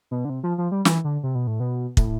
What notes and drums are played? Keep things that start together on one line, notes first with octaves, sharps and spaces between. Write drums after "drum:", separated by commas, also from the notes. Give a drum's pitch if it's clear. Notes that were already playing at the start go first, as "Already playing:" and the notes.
B2
D3
C3
F3
F3
G3
E3, drum: snare
D3
C3
B2
A2
B2
A2, drum: kick